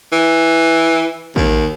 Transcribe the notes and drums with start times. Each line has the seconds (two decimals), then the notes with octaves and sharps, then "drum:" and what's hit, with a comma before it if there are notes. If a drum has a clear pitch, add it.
0.12 E3
1.36 D#2, drum: kick A1